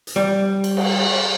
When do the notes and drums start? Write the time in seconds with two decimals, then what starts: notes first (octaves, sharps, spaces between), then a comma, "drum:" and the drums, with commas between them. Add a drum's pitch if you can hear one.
0.07 drum: hi-hat
0.16 G3
0.64 drum: cymbal
0.77 drum: cymbal